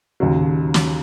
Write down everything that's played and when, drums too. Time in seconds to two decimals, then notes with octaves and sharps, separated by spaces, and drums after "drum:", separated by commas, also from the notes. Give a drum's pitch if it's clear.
0.20 D#2 C#3 F#3
0.74 drum: snare